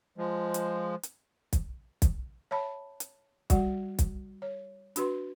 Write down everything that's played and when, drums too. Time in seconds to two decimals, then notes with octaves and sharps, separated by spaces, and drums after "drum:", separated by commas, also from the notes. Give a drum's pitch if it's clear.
0.18 F3 G#3
0.54 drum: hi-hat
1.03 drum: hi-hat
1.53 drum: kick, hi-hat
2.02 drum: kick, hi-hat
2.51 C#5 E5 A5 B5
3.00 drum: hi-hat
3.50 G3 F#4 D5 F#5, drum: kick, hi-hat
3.99 drum: kick, hi-hat
4.42 C#5
4.96 D4 F#4 B4 C6, drum: hi-hat